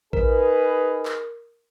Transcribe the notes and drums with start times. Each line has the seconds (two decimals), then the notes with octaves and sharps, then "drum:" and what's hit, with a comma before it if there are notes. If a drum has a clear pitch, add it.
0.13 D#4 G#4 A#4 B4, drum: kick A#1
1.05 drum: clap